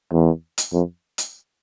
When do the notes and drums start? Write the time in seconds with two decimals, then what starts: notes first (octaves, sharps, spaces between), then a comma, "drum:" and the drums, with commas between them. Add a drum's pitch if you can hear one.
0.12 E2
0.58 drum: hi-hat
0.73 F2
1.18 drum: hi-hat